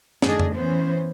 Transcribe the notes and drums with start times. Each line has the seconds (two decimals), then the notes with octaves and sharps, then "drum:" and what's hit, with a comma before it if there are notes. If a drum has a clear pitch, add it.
0.22 F#2 A2 D#3 D4 G#4 D#5, drum: snare
0.40 drum: tom F2
0.55 E3 B3 C#4 C5